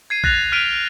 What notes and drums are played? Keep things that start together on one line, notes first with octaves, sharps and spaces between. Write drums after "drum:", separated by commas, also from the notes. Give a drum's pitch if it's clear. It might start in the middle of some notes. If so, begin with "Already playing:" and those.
G#6 C7 D#7
F#6 A6 A#6 C7 F7, drum: kick A#1
F6 B6 D7 D#7 F7 G7